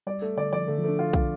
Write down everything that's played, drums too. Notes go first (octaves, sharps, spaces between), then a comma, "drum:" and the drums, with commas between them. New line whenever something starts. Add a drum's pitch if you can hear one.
G3 D5
A3
D3 D5
F3 D5
D3 A3
F3
A3 D4
F4
F4, drum: kick